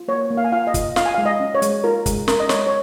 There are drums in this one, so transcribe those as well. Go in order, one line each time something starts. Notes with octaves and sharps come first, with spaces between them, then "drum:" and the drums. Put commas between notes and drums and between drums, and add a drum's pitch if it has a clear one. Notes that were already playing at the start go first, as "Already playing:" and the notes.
Already playing: F4
A#3 C#5
A#3
F5
G#5
F4 F5
D#5
F4, drum: kick, hi-hat
F4 F5, drum: snare
G#5
G#3 F5
D#5
C#4
C#5
G#3, drum: hi-hat
F4 A#4
G#3, drum: kick, hi-hat
C#4 A#4, drum: snare
D#5
G#3 C#5, drum: snare
C#5